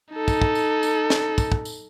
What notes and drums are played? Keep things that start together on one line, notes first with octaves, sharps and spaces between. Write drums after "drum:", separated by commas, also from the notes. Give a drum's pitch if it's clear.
D#4 A4
drum: kick, tambourine
drum: kick
drum: tambourine
drum: tambourine
drum: snare
drum: kick, tambourine
drum: kick
drum: tambourine